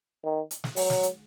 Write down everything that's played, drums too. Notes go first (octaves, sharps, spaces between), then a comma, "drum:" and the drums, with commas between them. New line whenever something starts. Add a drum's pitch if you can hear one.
D#3
drum: hi-hat
drum: snare
F#3, drum: open hi-hat
drum: snare
drum: hi-hat